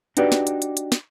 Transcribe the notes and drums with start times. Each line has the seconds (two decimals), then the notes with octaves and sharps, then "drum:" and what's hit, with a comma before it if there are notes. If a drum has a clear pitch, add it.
0.17 D4 D#4 F#4 G4 B4 D5, drum: hi-hat
0.32 drum: snare
0.47 drum: hi-hat
0.62 drum: hi-hat
0.77 drum: hi-hat
0.92 drum: snare